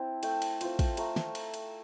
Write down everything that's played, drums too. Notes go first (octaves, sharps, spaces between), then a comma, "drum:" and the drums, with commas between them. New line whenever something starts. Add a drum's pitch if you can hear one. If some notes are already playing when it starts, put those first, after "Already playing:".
Already playing: C4 E4 A5
A3 G5, drum: cymbal
drum: cymbal
C4 F4, drum: cymbal
drum: kick, cymbal
A3 A#5, drum: cymbal
drum: snare
drum: cymbal
drum: cymbal